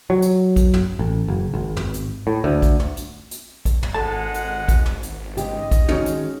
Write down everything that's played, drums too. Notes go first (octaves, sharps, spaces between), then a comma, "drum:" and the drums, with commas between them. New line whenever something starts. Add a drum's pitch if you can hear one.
F#3
drum: hi-hat
drum: kick, hi-hat
drum: tom
A1
F#1
G#1
drum: tom
drum: hi-hat
A2
D2
drum: kick, hi-hat
drum: tom
drum: hi-hat
drum: hi-hat
drum: kick, hi-hat
drum: tom
G#1 G#3 A4 F#5 A5
drum: hi-hat
drum: kick, hi-hat
drum: tom
drum: hi-hat
G#2 C#3 G4 D#5, drum: hi-hat
drum: kick, hi-hat
D#3 G#3 C#4 D#4 F#4, drum: tom
drum: hi-hat